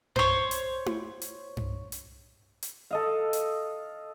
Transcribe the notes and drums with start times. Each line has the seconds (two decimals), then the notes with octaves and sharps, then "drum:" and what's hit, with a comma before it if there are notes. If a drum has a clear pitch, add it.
0.16 C5 C#5, drum: tom G2
0.51 drum: hi-hat
0.86 drum: tom E4
1.22 drum: hi-hat
1.57 drum: tom G2
1.92 drum: hi-hat
2.63 drum: hi-hat
2.91 A4 D#5 F5
3.33 drum: hi-hat